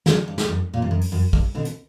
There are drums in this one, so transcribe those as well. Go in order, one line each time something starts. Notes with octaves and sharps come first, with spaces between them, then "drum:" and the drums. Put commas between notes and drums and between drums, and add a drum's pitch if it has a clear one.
D3 F#3, drum: snare
G2
drum: snare
F#2
A#2
G2
F#2
drum: open hi-hat
F#2
G2, drum: kick
B2 D3
drum: hi-hat